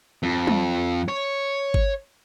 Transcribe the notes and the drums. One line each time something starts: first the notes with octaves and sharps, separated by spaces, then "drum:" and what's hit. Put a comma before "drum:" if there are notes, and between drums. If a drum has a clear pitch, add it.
F2
drum: tom
C#5
drum: kick G#1